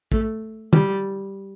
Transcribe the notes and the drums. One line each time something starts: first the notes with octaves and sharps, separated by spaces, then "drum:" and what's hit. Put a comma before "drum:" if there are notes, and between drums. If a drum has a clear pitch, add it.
A3, drum: kick
G3, drum: tom